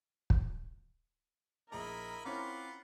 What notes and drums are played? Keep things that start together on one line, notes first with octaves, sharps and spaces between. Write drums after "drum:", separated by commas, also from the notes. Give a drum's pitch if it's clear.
drum: kick
A#1 E4 G#4 A#4 D#5 A#5 B5
C4 C#4 E4 F4 F#5 B5 D6